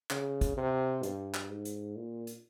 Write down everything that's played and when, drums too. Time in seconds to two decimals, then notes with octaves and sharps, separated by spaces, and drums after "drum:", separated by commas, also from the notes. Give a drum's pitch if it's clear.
0.10 C#3, drum: clap
0.41 drum: kick, hi-hat
0.57 C3
1.03 G2, drum: hi-hat
1.34 drum: clap
1.50 G#2
1.65 drum: hi-hat
1.96 A#2
2.27 drum: hi-hat